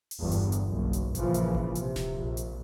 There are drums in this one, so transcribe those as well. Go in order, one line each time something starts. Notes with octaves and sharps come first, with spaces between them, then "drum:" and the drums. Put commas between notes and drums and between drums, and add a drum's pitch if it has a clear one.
drum: open hi-hat
G1 E2 G2
drum: hi-hat
drum: hi-hat
F#1 B1
drum: hi-hat
A#1 C#3 E3 F3, drum: kick G#1, hi-hat
drum: hi-hat
drum: kick G#1
C3, drum: hi-hat
drum: snare D1
A#1
drum: hi-hat